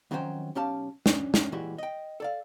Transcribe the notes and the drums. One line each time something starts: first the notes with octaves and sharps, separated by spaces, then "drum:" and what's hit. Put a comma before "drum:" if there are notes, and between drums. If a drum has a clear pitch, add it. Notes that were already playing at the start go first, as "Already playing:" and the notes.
F2 D#3 F#3 C#4 C5 G5
B1 C#4 G4 F5 A5
C#4 D4, drum: snare
drum: snare
A#2 E3 G#3 F#4 G4
D#5 G5
A4 D5 F5